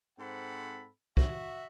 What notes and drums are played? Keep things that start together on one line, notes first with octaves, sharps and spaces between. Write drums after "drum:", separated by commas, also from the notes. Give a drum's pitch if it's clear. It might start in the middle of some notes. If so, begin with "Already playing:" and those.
G#2 C4 A4 F#5 B5
F#4 E5, drum: kick